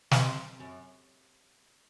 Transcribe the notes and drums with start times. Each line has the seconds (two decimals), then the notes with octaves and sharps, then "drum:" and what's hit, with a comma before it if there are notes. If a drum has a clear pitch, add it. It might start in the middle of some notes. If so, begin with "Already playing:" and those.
0.11 C3, drum: snare
0.60 F#2